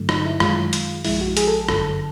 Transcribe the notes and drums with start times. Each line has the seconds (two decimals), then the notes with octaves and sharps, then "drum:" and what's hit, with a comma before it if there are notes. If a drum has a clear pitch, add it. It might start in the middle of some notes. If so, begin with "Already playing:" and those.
Already playing: G2 D3 F#3 A3
0.09 D#4, drum: rim click
0.26 E4
0.40 F#2 D#3 G#3 F4, drum: rim click
0.73 drum: hi-hat
1.05 A#1 A#2 F3 G#3 E4, drum: open hi-hat
1.21 F#4
1.37 G#4, drum: hi-hat
1.48 A4
1.69 G1 F#2 D3 A4, drum: rim click